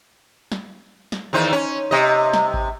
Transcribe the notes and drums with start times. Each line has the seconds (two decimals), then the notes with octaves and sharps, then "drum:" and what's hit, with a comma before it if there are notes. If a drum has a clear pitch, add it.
0.52 drum: snare
1.12 drum: snare
1.33 E2 D#3 C5
1.53 C#4
1.91 C3 D#5
2.33 drum: snare
2.54 drum: kick G#1